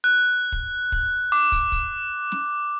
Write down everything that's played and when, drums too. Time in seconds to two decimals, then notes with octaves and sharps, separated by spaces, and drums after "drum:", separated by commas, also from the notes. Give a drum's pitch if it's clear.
0.04 F#6
0.52 drum: kick
0.92 drum: kick
1.32 D6
1.52 drum: kick
1.72 drum: kick
2.32 drum: snare